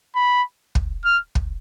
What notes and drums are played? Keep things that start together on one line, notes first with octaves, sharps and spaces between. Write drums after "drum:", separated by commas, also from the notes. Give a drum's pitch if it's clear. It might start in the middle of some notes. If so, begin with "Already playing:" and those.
B5
drum: kick
F6
drum: kick